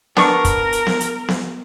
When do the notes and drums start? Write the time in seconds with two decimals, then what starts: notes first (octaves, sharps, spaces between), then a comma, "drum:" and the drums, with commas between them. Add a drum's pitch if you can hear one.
0.17 B3 D4 A#4 C#6, drum: snare B3
0.45 drum: kick, hi-hat
0.73 drum: hi-hat
0.87 drum: snare B3
1.00 drum: hi-hat
1.28 drum: snare B3